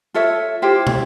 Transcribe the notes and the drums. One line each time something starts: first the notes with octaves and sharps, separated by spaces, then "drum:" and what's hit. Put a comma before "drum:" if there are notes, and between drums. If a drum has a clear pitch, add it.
F4 A4 C#5 E5
E4 F4 G4 C5
drum: tom